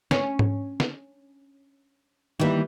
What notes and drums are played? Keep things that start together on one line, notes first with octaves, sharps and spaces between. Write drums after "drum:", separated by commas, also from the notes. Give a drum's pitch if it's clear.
C#4, drum: snare
drum: tom G#2
drum: snare
D#3 E3 G3 A#3